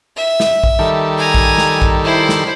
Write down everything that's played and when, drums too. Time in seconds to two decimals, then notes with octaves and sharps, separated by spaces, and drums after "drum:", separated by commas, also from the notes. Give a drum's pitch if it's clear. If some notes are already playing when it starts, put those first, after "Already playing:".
0.16 E5
0.40 drum: snare
0.64 drum: kick A#1
0.79 D#3 G3 A4
1.18 G#5 A#5
1.34 drum: kick A#1
1.58 drum: snare
1.82 drum: kick A#1
2.04 E4 C5
2.29 drum: snare